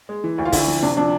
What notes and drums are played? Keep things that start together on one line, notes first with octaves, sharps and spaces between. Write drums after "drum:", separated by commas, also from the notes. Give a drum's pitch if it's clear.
G#3
E3
D2
F4
D3 E4, drum: kick, open hi-hat
F3
C3 D4
F3 D4